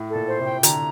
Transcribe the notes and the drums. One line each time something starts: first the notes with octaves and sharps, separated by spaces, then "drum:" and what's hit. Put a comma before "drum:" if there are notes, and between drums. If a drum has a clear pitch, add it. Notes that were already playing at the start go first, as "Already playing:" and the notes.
Already playing: A2
A4
A#2
C5
C3
G5
D3 A#5, drum: hi-hat